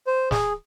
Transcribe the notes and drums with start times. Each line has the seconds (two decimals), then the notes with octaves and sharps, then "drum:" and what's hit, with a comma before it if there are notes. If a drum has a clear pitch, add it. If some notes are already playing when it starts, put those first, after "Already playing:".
0.07 C5
0.31 G#4, drum: snare